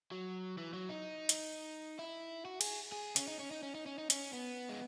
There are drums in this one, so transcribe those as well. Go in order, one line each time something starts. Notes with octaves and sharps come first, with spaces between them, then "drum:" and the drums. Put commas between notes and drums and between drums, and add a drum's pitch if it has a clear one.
F#3
E3
F#3
D#4
drum: hi-hat
E4
F#4
G#4, drum: cymbal
G#4
C#4, drum: hi-hat
D#4
C#4
D#4
C#4
D#4
C#4
D#4
C#4, drum: hi-hat
B3
G#3